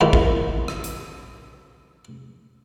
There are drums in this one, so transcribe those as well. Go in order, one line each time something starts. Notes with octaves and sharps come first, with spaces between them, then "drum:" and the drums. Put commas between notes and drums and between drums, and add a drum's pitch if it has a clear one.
G#2 D#3 E4 F4
drum: kick
drum: rim click
drum: hi-hat